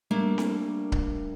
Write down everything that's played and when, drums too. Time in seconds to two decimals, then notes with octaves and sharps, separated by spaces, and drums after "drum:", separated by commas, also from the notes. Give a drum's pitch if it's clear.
0.11 G3 A3 A#3 D4
0.38 drum: snare C4
0.92 drum: kick C#1